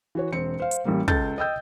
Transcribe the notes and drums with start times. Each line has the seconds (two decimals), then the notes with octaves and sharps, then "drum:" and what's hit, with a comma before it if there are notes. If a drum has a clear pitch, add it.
0.15 E3 F#4 C#5
0.33 E1 C4 C#7
0.60 C5 F5
0.71 drum: hi-hat
0.85 A1 G3 A#3
1.08 C#2 A4 G6 A6, drum: kick
1.38 D#5 G5 E6 G6